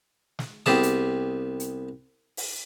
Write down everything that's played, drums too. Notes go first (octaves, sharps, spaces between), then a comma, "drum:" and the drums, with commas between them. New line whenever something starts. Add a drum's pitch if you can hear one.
drum: snare
C2 B3 G4 G#4 A5 D#6, drum: snare
drum: hi-hat
drum: hi-hat
drum: open hi-hat